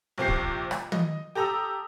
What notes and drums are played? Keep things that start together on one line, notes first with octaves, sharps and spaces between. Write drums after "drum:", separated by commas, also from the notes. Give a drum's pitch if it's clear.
A#1 C3 G4 C7
drum: kick
drum: rim click
D#5, drum: tom
G4 A4 A#5 D#6 E6